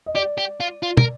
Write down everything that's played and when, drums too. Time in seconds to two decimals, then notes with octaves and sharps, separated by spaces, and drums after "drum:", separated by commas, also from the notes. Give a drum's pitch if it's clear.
0.06 D#5
0.15 G4 D5
0.38 G4
0.60 F4
0.83 F4
0.97 A#4, drum: tom